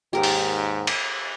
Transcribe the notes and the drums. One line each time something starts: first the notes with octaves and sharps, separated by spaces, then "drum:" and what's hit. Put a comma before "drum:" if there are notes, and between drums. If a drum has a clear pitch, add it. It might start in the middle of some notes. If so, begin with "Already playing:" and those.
D#2 G#2 G4 A#4
drum: open hi-hat
drum: cymbal